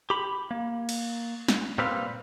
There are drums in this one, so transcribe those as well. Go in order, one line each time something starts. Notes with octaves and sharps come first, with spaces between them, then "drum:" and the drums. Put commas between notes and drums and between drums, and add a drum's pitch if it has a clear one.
G4 B5
A#3
drum: cymbal
drum: snare
A#2 G3 C4 B4 F5